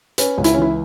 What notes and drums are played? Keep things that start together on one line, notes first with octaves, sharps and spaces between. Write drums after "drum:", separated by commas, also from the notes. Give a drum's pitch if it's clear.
C#4 B4, drum: hi-hat
C#2
E4, drum: hi-hat
C#4
E3 E4